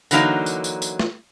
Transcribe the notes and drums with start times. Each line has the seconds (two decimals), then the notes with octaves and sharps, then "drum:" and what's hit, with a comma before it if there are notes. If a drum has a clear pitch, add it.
0.11 D3 E3 F#3 A#3 D#4, drum: tambourine
0.46 drum: tambourine
0.64 drum: tambourine
0.82 drum: tambourine
0.99 drum: snare